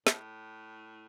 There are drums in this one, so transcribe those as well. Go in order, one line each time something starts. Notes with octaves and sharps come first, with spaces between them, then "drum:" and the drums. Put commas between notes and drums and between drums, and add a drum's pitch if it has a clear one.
A2, drum: snare